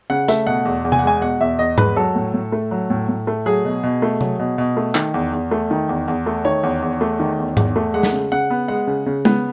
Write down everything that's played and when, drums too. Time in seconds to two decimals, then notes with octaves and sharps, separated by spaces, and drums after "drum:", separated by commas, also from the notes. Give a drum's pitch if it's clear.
0.10 C#3 F#5
0.28 A3 E5, drum: hi-hat
0.47 B2 F#5
0.65 E2
0.85 E2
0.92 G#5, drum: tom C3
0.99 F#5
1.03 G#3 G#5
1.21 B2 F#5
1.41 E2 E5
1.59 E2 D#5
1.78 G#3 B4, drum: tom G#2
1.96 F#3 A4
2.15 A2
2.34 A2
2.52 A3
2.71 F#3
2.90 A2
3.09 A2
3.27 A3
3.46 F#3 G#4
3.65 B2
3.84 B2
4.02 A3
4.21 F#3, drum: tom C3
4.39 B2
4.58 B2
4.77 A3
4.95 D#3, drum: clap
5.14 E2
5.33 E2
5.51 A3
5.71 D#3
5.89 E2
6.08 E2
6.26 A3
6.45 D#3 C#5
6.63 E2
6.82 E2
7.01 A3
7.19 D#3
7.39 E2
7.57 E2, drum: tom G#2
7.76 A3
7.94 G#3 F#5
8.03 drum: snare
8.13 C#3
8.32 C#3 F#5
8.50 B3
8.68 G#3 F#5
8.87 C#3
9.06 C#3
9.25 B3, drum: tom G#3